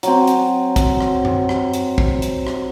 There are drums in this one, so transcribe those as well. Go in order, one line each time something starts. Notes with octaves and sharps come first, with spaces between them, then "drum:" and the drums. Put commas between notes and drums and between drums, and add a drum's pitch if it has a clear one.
F#3 C4, drum: hi-hat
drum: hi-hat
drum: kick, hi-hat
drum: rim click
drum: tom F#2
drum: rim click
drum: hi-hat
drum: kick
drum: hi-hat
drum: rim click